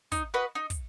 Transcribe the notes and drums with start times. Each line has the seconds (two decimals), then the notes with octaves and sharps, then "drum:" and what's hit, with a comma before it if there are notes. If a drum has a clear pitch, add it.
0.12 D#4, drum: kick, hi-hat
0.34 F#4 B4 D#5
0.55 D#4
0.70 drum: kick, hi-hat